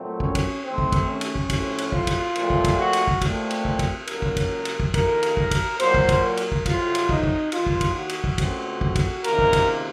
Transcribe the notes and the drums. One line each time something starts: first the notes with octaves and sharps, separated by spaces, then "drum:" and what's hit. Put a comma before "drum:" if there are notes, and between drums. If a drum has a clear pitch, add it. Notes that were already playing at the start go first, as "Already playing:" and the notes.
Already playing: A#2 F#3 A3 C4
C#4, drum: kick
drum: kick, cymbal
D#2 D#3 A3 C4
drum: kick
drum: kick, cymbal
C#4
drum: cymbal
drum: kick
A2 F3 C4, drum: kick, cymbal
drum: cymbal
F4, drum: kick
drum: kick, cymbal
A#2 F3 A3 C4, drum: cymbal
drum: kick
drum: kick, cymbal
F#4
drum: cymbal
drum: kick
A#2 A3 C4, drum: kick, cymbal
drum: cymbal
drum: kick
drum: kick, cymbal
C#2 C#3 F#3 A#3 A#4, drum: cymbal
drum: kick
drum: kick, cymbal
drum: cymbal
drum: kick
F2 D#3 A#3 A#4, drum: kick, cymbal
drum: cymbal
drum: kick
drum: kick, cymbal
A#2 F#3 A#3 C5, drum: cymbal
drum: kick
drum: kick, cymbal
A#4
drum: cymbal
drum: kick
F2 C3 F#3 F4, drum: kick, cymbal
drum: cymbal
D#4, drum: kick
drum: kick
D#2 D#3 A#3 F4, drum: cymbal
drum: kick
drum: kick, cymbal
F#4
drum: cymbal
drum: kick
C#2 C#3 A3 C4, drum: kick, cymbal
drum: kick
drum: kick, cymbal
C#2 C3 D#3 A#3 A#4, drum: cymbal
drum: kick
drum: kick, cymbal